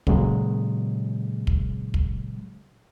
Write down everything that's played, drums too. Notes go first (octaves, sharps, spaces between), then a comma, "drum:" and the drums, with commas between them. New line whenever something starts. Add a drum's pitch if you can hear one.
A#2 C#3 F#3 G#3, drum: kick
drum: kick
drum: kick